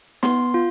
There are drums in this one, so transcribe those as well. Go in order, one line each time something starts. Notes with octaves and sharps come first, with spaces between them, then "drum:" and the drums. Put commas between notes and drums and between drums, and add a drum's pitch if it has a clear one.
B3 C6, drum: snare
F4